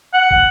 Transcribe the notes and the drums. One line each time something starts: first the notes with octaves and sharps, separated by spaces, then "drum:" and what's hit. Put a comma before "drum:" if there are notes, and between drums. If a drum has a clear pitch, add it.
F#5
drum: kick